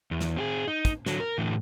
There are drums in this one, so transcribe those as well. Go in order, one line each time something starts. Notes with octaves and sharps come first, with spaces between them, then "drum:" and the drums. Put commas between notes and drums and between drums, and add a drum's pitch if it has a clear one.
E2
drum: snare
C4 F#4 G#4
D#4
drum: kick, hi-hat
D3 F#3, drum: snare
A#4
A2 D3 E3